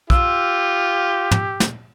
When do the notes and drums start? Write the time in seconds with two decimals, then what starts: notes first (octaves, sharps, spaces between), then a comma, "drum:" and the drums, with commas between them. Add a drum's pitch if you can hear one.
0.10 F4 G4 E6, drum: kick
1.31 drum: tom
1.60 drum: snare